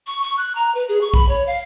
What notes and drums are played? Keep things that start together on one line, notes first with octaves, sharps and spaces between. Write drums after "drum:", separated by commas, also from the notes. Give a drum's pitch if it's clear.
C#6
C#6
F#6
A#5
B4
G#4
C#6
B5, drum: kick B1
C#5
F5